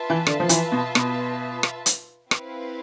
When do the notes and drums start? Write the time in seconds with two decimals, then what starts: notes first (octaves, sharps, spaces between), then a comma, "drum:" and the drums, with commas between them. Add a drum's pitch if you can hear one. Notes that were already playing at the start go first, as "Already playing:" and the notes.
Already playing: F4 B4 E5 A5
0.10 E3
0.27 D3, drum: rim click
0.40 F3
0.49 E3, drum: hi-hat
0.72 B2
0.95 B2, drum: rim click
1.63 drum: rim click
1.86 drum: hi-hat
2.31 C4 E4 B4 F5, drum: rim click